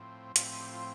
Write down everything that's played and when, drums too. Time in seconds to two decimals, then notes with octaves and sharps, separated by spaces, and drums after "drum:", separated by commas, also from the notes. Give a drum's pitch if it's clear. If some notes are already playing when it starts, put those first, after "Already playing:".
Already playing: A2 F3 C4
0.36 A2 F3 C4 F4, drum: hi-hat
0.60 G4
0.73 F4